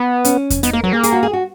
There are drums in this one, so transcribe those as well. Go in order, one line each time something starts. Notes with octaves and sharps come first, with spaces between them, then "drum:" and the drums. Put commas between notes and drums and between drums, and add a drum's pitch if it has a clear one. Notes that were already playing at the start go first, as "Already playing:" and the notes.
Already playing: B3
C#4, drum: hi-hat
drum: kick E2, hi-hat
B3 D#4, drum: hi-hat
A#3 A#4
F#3 A#4
A#3 G#4
G#4, drum: hi-hat
F#4
G#4
F#4